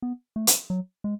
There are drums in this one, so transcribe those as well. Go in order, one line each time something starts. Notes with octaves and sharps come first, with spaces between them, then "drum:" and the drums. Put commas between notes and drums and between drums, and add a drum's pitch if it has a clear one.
B3
A3
drum: hi-hat
F#3
G#3